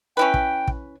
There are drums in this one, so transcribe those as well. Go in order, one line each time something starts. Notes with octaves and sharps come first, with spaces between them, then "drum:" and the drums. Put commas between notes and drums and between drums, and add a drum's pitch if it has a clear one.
C#4 E4 B4 G5
drum: kick
drum: kick